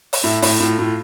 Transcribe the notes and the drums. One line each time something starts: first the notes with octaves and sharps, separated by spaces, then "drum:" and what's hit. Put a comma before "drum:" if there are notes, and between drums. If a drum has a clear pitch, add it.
drum: open hi-hat
A2 E4
A2, drum: open hi-hat
A2 F4
A2